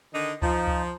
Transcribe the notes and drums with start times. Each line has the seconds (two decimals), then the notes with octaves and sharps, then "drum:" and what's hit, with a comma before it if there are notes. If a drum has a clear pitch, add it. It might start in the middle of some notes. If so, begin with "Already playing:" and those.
0.13 D3 D#3 D#4
0.42 F3 D#4, drum: kick C#2
0.67 drum: kick C#2